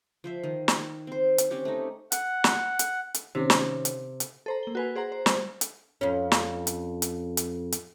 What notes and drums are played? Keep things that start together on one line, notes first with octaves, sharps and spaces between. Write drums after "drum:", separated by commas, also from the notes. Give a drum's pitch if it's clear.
F3 C5 E5
D#3
drum: snare
C4 C5
drum: hi-hat
C4 C#4 G4 F#5
A3 D#4
F#5, drum: hi-hat
drum: snare
drum: hi-hat
drum: hi-hat
C3 D#3 C4 C#4
drum: snare
drum: hi-hat
drum: hi-hat
A4 C5 A#5
A#3 G7
F#4 B4 G#5
G#4 C5 F#5 A#5
C5
G3 C5, drum: snare
drum: hi-hat
F2 C#4
drum: snare
drum: hi-hat
drum: hi-hat
drum: hi-hat
drum: hi-hat